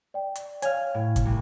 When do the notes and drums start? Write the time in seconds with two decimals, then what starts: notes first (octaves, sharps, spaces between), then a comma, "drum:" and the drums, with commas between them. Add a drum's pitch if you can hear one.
0.14 D5 G5
0.36 drum: hi-hat
0.62 C#5 F5 G#5 F6, drum: hi-hat
0.94 A2
1.16 drum: kick, hi-hat
1.25 C2